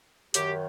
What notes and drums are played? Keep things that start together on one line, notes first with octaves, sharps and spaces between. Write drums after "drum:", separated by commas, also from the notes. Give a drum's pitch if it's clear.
F#2 D#3 G4, drum: hi-hat